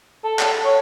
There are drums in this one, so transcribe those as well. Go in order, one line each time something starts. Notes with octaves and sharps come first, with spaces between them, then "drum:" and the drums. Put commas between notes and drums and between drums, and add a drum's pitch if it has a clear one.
A4
drum: clap
C#5